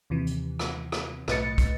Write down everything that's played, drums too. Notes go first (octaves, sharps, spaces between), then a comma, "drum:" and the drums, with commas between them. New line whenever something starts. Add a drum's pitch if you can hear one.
D#2 C3 E3
drum: hi-hat
drum: rim click
drum: rim click
B1 A2 B4 D#5 A6 C#7, drum: rim click
drum: kick, hi-hat